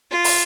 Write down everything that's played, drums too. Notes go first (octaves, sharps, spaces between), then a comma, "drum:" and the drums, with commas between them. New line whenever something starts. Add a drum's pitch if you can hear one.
F4
drum: open hi-hat